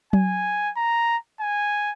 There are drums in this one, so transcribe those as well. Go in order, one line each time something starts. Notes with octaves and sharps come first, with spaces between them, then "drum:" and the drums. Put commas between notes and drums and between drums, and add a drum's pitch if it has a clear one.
G#5, drum: tom F#3
A#5
G#5